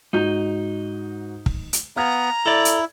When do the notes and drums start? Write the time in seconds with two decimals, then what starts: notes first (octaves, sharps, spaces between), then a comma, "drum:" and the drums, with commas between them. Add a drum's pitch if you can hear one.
0.13 G#2 D#4 F#4 G6
1.46 drum: kick
1.73 drum: hi-hat
1.96 B3 F5 A#5 F6 G#6
2.46 E4 A4 D5
2.65 drum: hi-hat